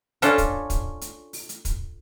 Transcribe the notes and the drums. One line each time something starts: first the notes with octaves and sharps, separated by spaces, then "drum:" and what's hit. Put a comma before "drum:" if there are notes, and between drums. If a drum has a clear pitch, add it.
C#4 D4 F4 A4, drum: hi-hat
drum: kick, hi-hat
drum: kick, hi-hat
drum: hi-hat
drum: open hi-hat
drum: hi-hat
drum: kick, hi-hat